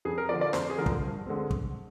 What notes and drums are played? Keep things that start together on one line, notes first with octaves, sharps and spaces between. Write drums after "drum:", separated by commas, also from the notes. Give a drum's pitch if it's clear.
F2 G#4
A#4
D3 F3 D5
D5
F2 C5, drum: snare
G#4
D3 F3 A#4
C5, drum: kick
G2
D3 G#3 C4
drum: kick